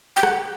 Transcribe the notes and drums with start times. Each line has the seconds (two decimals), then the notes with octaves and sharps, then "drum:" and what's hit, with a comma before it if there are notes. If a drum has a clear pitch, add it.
0.16 G5
0.23 F#5, drum: rim click